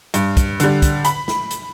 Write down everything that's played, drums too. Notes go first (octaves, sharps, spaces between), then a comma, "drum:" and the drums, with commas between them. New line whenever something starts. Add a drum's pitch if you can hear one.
G2, drum: hi-hat
drum: kick, hi-hat
D3 G3, drum: hi-hat
drum: kick, hi-hat
B5, drum: hi-hat
drum: snare
drum: hi-hat